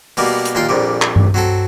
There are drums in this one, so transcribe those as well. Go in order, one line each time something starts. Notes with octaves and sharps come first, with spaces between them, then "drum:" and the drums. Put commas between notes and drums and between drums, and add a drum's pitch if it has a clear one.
B2 G3 A#3, drum: open hi-hat
drum: hi-hat
D#2 A#2 F4 G5 C6
A#1 F2 A#2 G3
drum: clap
drum: tom G2
F#3 C4 A4